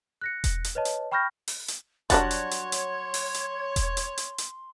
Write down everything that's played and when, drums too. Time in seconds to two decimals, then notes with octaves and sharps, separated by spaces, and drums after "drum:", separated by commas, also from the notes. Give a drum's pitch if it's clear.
0.21 F#6 A#6 C#7
0.44 drum: kick E1, hi-hat
0.64 drum: hi-hat
0.75 B4 C#5 D#5 A5
0.85 drum: hi-hat
1.12 G5 B5 C#6 F6 G6 A#6
1.48 drum: open hi-hat
1.68 drum: hi-hat
2.10 F#3 G3 D4 F#4 C#5 F#5 A5 C6, drum: kick E1, hi-hat
2.31 drum: hi-hat
2.51 drum: hi-hat
2.72 drum: hi-hat
3.14 drum: open hi-hat
3.34 drum: hi-hat
3.76 drum: kick E1, hi-hat
3.97 drum: hi-hat
4.18 drum: hi-hat
4.38 drum: hi-hat